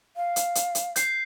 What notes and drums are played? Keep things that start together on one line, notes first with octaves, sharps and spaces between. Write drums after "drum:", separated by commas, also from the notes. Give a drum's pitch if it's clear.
F5
drum: hi-hat
drum: hi-hat
drum: hi-hat
G6 C7, drum: hi-hat